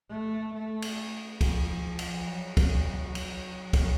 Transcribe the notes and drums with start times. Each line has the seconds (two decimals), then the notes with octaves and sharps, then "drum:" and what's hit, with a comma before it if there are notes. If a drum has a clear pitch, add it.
0.10 A3
0.54 A3
0.82 drum: cymbal
1.41 F3, drum: kick, cymbal
1.84 F3
1.99 drum: cymbal
2.27 F#3
2.57 drum: kick, cymbal
3.15 drum: cymbal
3.73 drum: kick, cymbal